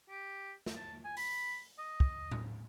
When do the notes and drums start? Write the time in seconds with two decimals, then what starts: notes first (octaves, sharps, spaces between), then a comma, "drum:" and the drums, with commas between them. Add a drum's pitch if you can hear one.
0.09 G4
0.66 drum: snare
0.76 A5
1.05 G#5
1.17 B5, drum: open hi-hat
1.78 D#5
2.00 drum: kick
2.31 drum: tom A2